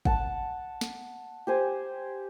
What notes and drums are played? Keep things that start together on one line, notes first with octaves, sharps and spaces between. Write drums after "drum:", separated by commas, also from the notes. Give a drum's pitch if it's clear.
F#5 A5, drum: kick
drum: snare
G4 C5 G#5